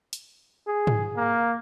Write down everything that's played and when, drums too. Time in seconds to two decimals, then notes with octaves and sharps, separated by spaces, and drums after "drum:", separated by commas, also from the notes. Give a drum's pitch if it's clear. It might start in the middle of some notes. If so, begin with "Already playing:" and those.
0.13 drum: hi-hat
0.67 G#4
0.87 drum: tom G#2
1.16 A#3